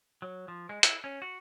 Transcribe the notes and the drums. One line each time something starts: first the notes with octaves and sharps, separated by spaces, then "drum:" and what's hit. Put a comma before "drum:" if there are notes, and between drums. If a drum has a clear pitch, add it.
F#3
F3
G#3
E4, drum: hi-hat
C#4
F#4